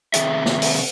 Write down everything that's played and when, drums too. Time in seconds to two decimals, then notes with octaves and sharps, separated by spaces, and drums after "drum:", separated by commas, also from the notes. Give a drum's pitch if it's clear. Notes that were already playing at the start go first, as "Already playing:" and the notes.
0.14 C3 D#3 G#4 A4 E5, drum: hi-hat
0.46 drum: snare
0.62 drum: open hi-hat